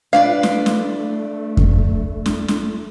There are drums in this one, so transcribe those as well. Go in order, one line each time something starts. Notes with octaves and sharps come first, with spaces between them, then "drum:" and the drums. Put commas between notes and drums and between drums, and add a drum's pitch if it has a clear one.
D4 F4 B4 D5 F5
A3, drum: snare
drum: snare
drum: kick F2
drum: snare
drum: snare